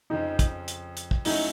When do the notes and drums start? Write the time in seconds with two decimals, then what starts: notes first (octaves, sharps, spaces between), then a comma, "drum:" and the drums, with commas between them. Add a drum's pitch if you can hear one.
0.10 F2 C#3 F3 D#4
0.39 drum: kick, hi-hat
0.68 drum: hi-hat
0.97 drum: hi-hat
1.11 drum: kick
1.25 F#3 A3 C#4 D#4 E4, drum: open hi-hat